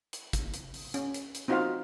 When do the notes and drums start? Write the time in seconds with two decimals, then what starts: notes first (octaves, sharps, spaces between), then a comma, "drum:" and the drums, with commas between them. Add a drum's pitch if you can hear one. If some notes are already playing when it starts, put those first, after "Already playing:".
0.13 drum: hi-hat
0.33 drum: kick, hi-hat
0.54 drum: hi-hat
0.74 drum: open hi-hat
0.94 C#4, drum: hi-hat
1.14 drum: hi-hat
1.35 drum: hi-hat
1.48 C4 D#4 F4 F#4 C5 F5